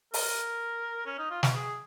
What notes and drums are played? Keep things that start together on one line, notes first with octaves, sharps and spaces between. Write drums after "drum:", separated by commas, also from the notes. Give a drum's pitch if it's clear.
A#4, drum: open hi-hat
C#4
D#4
F4
F#4, drum: snare
G#4